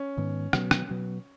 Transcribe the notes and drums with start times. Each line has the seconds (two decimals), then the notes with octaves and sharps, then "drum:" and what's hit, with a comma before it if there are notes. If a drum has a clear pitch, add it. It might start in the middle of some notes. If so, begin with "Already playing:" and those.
Already playing: C#4
0.17 G#2 D#3 B3
0.53 B2 F#3 B3, drum: rim click
0.71 drum: rim click
0.90 B2 F#3 B3